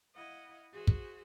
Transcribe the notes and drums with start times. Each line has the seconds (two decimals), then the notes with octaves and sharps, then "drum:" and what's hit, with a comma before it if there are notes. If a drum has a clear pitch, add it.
0.14 E4 D#5 F5 F#5
0.73 F#4 G#4 C5 E5
0.87 drum: kick